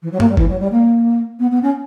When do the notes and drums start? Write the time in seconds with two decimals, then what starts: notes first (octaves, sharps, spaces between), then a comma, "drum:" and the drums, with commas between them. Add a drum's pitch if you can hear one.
0.02 E3
0.12 F#3
0.20 A#3, drum: tom G2
0.29 G3
0.37 E3, drum: kick G1
0.49 F#3
0.60 G3
0.72 A#3
1.39 B3
1.51 B3
1.62 C#4